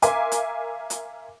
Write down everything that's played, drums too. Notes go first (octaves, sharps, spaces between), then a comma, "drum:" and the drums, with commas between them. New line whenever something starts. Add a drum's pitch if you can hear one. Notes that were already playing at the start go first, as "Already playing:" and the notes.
A#4 E5 F5 G#5 C6 D6, drum: hi-hat
drum: hi-hat
drum: hi-hat